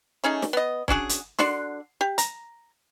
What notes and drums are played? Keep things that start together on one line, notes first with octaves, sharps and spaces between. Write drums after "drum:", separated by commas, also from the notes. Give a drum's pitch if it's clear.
A3 C#4 D#4 G#4
drum: snare
B3 D#5
C#4 D4 F#4 G#4, drum: kick
drum: hi-hat
D3 D4 F#4 C6, drum: snare
G4
A#5, drum: hi-hat